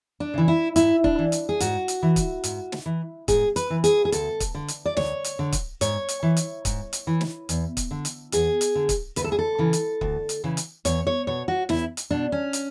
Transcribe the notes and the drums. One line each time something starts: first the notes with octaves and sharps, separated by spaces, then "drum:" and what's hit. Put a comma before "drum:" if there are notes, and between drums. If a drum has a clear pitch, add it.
D4
C#3 E3
E4
G#2 E4, drum: hi-hat
D4, drum: kick
E3
drum: hi-hat
G#4
G#2 F#4, drum: hi-hat
drum: hi-hat
E3
drum: kick, hi-hat
G#2, drum: hi-hat
drum: snare
E3
G#2 G#4, drum: kick, hi-hat
B4, drum: hi-hat
E3
G#4, drum: hi-hat
G#4
D2 A4, drum: hi-hat
drum: kick, hi-hat
D3
drum: hi-hat
D5
D2 C#5, drum: snare
drum: hi-hat
D3
drum: kick, hi-hat
G#2 C#5, drum: hi-hat
drum: hi-hat
E3
drum: hi-hat
G#2, drum: kick, hi-hat
drum: hi-hat
E3
drum: snare
E2, drum: hi-hat
drum: kick, hi-hat
D3
drum: hi-hat
E2 G#4, drum: hi-hat
drum: hi-hat
D3
drum: kick, hi-hat
D2 B4, drum: hi-hat
A4
G#4
A4
C#3 E3
drum: hi-hat
D2, drum: kick
drum: hi-hat
C#3 E3
drum: hi-hat
E2 C#5, drum: hi-hat
C#5
B2 C#5
F#4
E2 E4, drum: snare
drum: hi-hat
B2 D4
C#4
drum: hi-hat